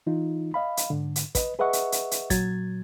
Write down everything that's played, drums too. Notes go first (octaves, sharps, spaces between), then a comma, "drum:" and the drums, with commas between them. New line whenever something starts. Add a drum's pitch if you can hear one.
E3 D#4 F4
D#5 F5 B5
drum: hi-hat
G#2 D3
drum: hi-hat
B4 D#5, drum: kick, hi-hat
G#4 B4 D#5 E5 F#5 C#6
drum: hi-hat
drum: hi-hat
drum: hi-hat
A#2 F#3 G#6 A6, drum: kick, hi-hat